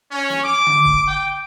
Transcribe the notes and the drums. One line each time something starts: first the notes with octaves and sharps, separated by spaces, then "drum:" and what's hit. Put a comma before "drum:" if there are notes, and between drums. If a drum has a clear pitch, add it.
C#4
drum: snare
D6
drum: tom D3
drum: kick
G5